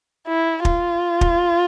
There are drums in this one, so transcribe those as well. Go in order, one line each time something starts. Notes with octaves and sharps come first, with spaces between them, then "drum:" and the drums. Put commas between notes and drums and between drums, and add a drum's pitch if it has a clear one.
E4
F4, drum: kick
drum: kick